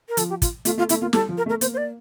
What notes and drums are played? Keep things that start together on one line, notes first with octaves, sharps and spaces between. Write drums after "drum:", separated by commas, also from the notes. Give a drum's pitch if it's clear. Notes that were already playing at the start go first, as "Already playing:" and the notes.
A#4
F3 A4, drum: hi-hat
G4
F4, drum: kick, hi-hat
A3 F4, drum: hi-hat
A3 F4
A3 E4, drum: hi-hat
A#3 F4
G3 A4, drum: snare
F3
A#4
A3
A#4
A#3 C5, drum: hi-hat
C5
D5